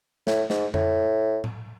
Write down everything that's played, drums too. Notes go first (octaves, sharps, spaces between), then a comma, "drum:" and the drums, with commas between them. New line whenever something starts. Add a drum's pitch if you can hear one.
A2, drum: snare
G#2, drum: snare
A2, drum: tom F2
drum: tom A2